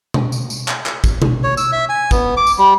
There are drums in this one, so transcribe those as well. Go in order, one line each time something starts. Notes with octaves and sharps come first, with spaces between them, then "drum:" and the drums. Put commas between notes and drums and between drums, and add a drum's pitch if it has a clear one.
drum: tom B2
drum: tambourine
drum: tambourine
drum: clap
drum: clap
drum: kick, tambourine
drum: tom B2
C#5
E6, drum: tambourine
E5
G#5
B3, drum: kick, tambourine
D6
drum: tambourine
G3